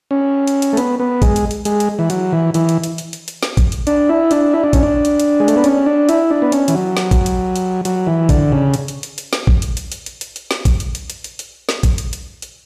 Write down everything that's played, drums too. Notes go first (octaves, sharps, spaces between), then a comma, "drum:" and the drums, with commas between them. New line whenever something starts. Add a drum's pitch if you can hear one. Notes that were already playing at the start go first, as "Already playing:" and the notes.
C#4
drum: hi-hat
drum: hi-hat
A3
B3, drum: hi-hat
B3
G#3, drum: kick, hi-hat
drum: hi-hat
drum: hi-hat
G#3, drum: hi-hat
drum: hi-hat
E3
F#3, drum: hi-hat
E3
E3, drum: hi-hat
drum: hi-hat
drum: hi-hat
drum: hi-hat
drum: hi-hat
drum: hi-hat
drum: snare
drum: kick, hi-hat
drum: hi-hat
D4, drum: hi-hat
E4
D4, drum: hi-hat
E4
D4
C#4, drum: kick, hi-hat
D4
drum: hi-hat
drum: hi-hat
G#3
A3, drum: hi-hat
B3
C#4, drum: hi-hat
D4
E4, drum: hi-hat
D4
B3
C#4, drum: hi-hat
E3, drum: hi-hat
F#3
drum: snare
drum: kick, hi-hat
drum: hi-hat
drum: hi-hat
F#3, drum: hi-hat
E3
D3, drum: kick, hi-hat
C#3
drum: hi-hat
drum: hi-hat
drum: hi-hat
drum: hi-hat
drum: snare
drum: kick
drum: hi-hat
drum: hi-hat
drum: hi-hat
drum: hi-hat
drum: hi-hat
drum: hi-hat
drum: snare
drum: kick, hi-hat
drum: hi-hat
drum: hi-hat
drum: hi-hat
drum: hi-hat
drum: hi-hat
drum: snare
drum: kick, hi-hat
drum: hi-hat
drum: hi-hat
drum: hi-hat